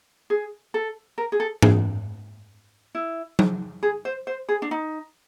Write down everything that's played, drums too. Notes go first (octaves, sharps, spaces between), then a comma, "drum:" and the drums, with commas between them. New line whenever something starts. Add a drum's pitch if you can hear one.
G#4
A4
A#4
G#4
A4
G#4, drum: tom G#2
E4
drum: tom F#3
G#4
C5
C5
G#4
D4
D#4